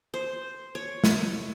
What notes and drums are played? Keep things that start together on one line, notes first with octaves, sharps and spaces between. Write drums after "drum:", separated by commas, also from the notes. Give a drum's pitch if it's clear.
C5
C#5
drum: snare